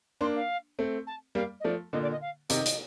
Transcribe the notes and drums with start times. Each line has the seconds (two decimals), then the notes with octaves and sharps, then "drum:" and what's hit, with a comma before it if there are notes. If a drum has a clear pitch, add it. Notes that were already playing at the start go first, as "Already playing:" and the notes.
0.21 A#3 D4 C6
0.35 F5
0.79 A3 C4
1.07 A5
1.35 G3 A#3 F5
1.60 D#5
1.64 F3 A3 D5
1.93 A#2 D3 D#5
2.02 D5
2.12 D#5
2.21 F5
2.49 C3 D#3 D#5, drum: hi-hat
2.66 drum: hi-hat